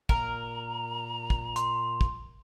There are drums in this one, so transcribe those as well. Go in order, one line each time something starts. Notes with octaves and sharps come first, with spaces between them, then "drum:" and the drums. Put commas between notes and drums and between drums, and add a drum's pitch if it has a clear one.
A#2 A#4 A#5, drum: kick
drum: kick
C6, drum: hi-hat
drum: kick